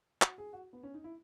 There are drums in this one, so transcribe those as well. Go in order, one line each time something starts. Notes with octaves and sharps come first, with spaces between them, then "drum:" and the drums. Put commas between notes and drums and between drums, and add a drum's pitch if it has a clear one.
F#4, drum: clap
G#4
F#4
B3
C#4
D#4
E4